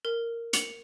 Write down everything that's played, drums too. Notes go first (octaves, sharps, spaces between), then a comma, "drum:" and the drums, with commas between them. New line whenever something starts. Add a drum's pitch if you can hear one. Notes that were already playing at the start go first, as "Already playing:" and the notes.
A#4
C#7 F7 F#7, drum: hi-hat